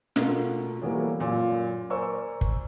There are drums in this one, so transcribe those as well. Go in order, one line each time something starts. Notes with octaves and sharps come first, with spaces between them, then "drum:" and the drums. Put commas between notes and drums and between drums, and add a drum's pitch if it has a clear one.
B2 A3 F4 A#4, drum: snare
A2 E3 F#3 G3 A#3 B3
F#2 A#2
A#4 C5 D5 G#5 C#6 E6
drum: kick G1